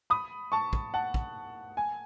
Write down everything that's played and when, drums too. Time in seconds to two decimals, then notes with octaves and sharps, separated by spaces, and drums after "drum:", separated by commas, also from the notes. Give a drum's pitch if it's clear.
0.10 B5 D#6
0.52 A5 C#6
0.73 drum: kick
0.94 F#5 A5
1.14 drum: kick
1.77 G#5